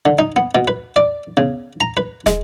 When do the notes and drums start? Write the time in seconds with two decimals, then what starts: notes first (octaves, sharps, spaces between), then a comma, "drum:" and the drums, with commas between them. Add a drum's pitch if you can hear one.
0.05 D3
0.19 D#4
0.36 B3
0.55 B2
0.68 B4
0.96 D5
1.37 C#3, drum: tom B3
1.81 A#5
1.97 B4
2.26 G#3, drum: snare